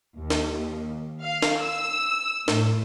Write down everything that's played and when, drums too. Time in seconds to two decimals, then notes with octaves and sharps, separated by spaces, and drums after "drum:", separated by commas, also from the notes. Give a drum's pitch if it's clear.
0.18 D#2
0.30 drum: snare
1.22 F5
1.42 drum: snare
1.60 E6
2.48 A2, drum: snare